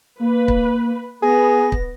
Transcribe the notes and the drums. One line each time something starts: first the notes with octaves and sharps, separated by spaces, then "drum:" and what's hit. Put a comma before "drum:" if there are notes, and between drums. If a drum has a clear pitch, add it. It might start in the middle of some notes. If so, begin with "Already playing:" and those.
A#3 B4
drum: kick
B3 G#4 A#6
drum: kick